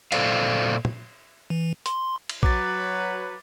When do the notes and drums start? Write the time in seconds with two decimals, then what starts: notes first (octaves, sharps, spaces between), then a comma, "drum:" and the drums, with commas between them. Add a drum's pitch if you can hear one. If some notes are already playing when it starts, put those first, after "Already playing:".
0.12 A#2 A4 C5 D5 F5, drum: cymbal
0.85 drum: tom
1.50 E3
1.86 C6, drum: hi-hat
2.29 drum: cymbal
2.43 F#3 B4 D6 A6, drum: kick A#1